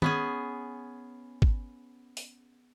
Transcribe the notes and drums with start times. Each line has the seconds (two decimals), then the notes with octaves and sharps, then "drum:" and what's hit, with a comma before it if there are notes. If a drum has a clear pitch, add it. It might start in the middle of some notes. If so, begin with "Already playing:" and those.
0.02 B3 C#4 G#4, drum: tom
1.42 drum: kick G#1
2.17 drum: open hi-hat